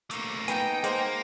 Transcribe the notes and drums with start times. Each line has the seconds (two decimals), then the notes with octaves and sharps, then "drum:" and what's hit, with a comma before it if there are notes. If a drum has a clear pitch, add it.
0.11 A3 A#3, drum: hi-hat
0.48 B3 D#4 G5 G#5, drum: hi-hat
0.84 G#3 A#3 C5 F#5, drum: hi-hat